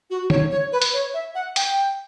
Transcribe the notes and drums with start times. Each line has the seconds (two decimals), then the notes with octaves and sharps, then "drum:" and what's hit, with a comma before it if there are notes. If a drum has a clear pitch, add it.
0.10 F#4
0.30 C#5, drum: tom
0.51 C#5
0.72 B4
0.82 drum: hi-hat
0.94 C#5
1.14 E5
1.35 F#5
1.56 G5, drum: hi-hat